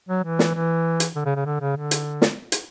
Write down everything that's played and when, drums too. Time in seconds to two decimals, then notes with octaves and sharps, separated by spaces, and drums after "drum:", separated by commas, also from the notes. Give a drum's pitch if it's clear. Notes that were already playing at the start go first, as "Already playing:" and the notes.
0.09 F#3
0.23 E3
0.39 drum: snare
0.55 E3
1.00 drum: hi-hat
1.15 D3
1.25 C#3
1.36 C#3
1.45 D3
1.61 C#3
1.77 D3
1.91 drum: hi-hat
2.22 drum: snare
2.52 drum: hi-hat